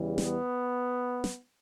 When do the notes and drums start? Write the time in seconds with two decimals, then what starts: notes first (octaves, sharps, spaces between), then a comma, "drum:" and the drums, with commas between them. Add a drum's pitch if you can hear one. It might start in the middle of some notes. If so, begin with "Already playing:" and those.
Already playing: E2 C#3 E3 G3
0.18 B3, drum: snare
1.24 drum: snare